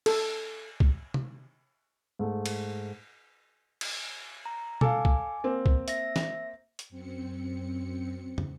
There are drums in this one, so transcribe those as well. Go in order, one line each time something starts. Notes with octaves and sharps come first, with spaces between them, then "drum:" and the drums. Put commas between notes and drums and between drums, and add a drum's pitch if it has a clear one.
A4, drum: cymbal
drum: kick B1
drum: tom
G#2 A3
drum: cymbal
drum: cymbal
A#5
A4 F5 G#5 D6, drum: tom
drum: kick B1
A#3 C4
drum: kick B1
E5 A#6, drum: hi-hat
drum: snare
drum: hi-hat
F#2 C4 C#7
drum: tom